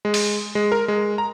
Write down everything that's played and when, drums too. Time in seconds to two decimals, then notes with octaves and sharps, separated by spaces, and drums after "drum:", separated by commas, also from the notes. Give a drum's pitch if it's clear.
0.05 G#3
0.14 drum: open hi-hat
0.55 G#3
0.72 A#4
0.88 G#3
1.18 A#5